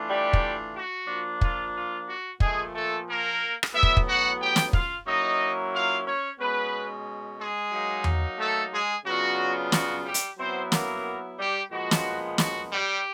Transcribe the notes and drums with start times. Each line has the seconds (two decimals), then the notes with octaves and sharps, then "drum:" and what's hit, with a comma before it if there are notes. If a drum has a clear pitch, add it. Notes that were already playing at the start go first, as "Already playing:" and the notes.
Already playing: E3 A3 D4 F4
0.08 G3 G4
0.33 drum: kick
0.75 F#4
1.08 F3 A#3 D4 F4
1.41 F4, drum: kick
1.74 F4
2.08 F#4
2.40 A#2 F3 G#3 A3 G#4, drum: kick
2.74 A3 A4
3.07 A#3 A#4
3.63 drum: rim click
3.74 A2 F#3 B3 E4 E5
3.83 drum: kick
3.97 drum: kick
4.07 F#4 F#5
4.40 G4 G5
4.56 drum: snare
4.73 F4 F5, drum: kick
5.06 F#3 A#3 C#4 D#4 E4 D#5
5.73 F4 F5
6.06 C#4 C#5
6.39 B2 G#3 B3 C#4 B4
7.39 G#3 G#4
7.72 F#3 A#3 D#4
8.04 drum: tom E2
8.39 A3 A4
8.72 G#3 G#4
9.05 C#3 F#3 B3 D4 F4 F#4
9.72 F#4, drum: snare
10.05 G3 G4
10.14 drum: hi-hat
10.38 F#3 B3 C4 E4 C5
10.72 A#3 A#4, drum: snare
11.39 G3 G4
11.71 A#2 F3 G#3 B3 F#4
11.91 drum: snare
12.38 F#4, drum: snare
12.71 G3 G4